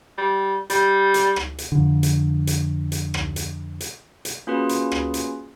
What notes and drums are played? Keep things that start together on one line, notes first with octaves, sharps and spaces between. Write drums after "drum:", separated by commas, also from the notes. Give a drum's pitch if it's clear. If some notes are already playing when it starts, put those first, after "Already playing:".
G3
G3, drum: hi-hat
drum: hi-hat
drum: rim click
drum: hi-hat
F2 D3
drum: hi-hat
drum: hi-hat
drum: hi-hat
drum: rim click
drum: hi-hat
drum: hi-hat
drum: hi-hat
A#3 C#4 F4 F#4 G#4 B4
drum: hi-hat
drum: rim click
drum: hi-hat